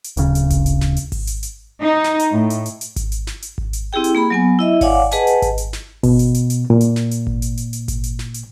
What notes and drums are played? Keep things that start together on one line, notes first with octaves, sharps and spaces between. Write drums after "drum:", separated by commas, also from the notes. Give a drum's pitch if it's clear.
drum: hi-hat
D1 C#3, drum: hi-hat
drum: hi-hat
drum: kick G#1, hi-hat
drum: hi-hat
drum: snare
drum: hi-hat
drum: kick G#1, open hi-hat
drum: hi-hat
drum: hi-hat
D#4
drum: snare
drum: hi-hat
A2
drum: hi-hat
drum: hi-hat
drum: hi-hat
drum: kick G#1, hi-hat
drum: hi-hat
drum: snare
drum: hi-hat
drum: kick G#1
drum: hi-hat
C4 E4 G4 G#4 G5
drum: hi-hat
A#3 G#4 B5
F#3 B3 G#5
E4 D#5 E5
C#5 D5 F5 F#5 G#5 D6, drum: kick G#1, open hi-hat
G#4 B4 D#5 F#5 G#5 A5, drum: hi-hat
drum: hi-hat
drum: kick G#1, hi-hat
drum: hi-hat
drum: snare
B2, drum: kick G#1, open hi-hat
drum: hi-hat
drum: hi-hat
drum: hi-hat
A#2
drum: hi-hat
drum: snare
drum: hi-hat
drum: kick G#1
drum: hi-hat
drum: hi-hat
drum: hi-hat
drum: kick G#1, hi-hat
drum: hi-hat
drum: snare
drum: hi-hat